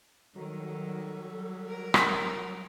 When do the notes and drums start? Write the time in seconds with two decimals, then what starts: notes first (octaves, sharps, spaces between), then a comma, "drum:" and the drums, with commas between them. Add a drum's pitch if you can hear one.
0.36 D#3 F#3 G3 A4
1.69 A#4
1.94 drum: rim click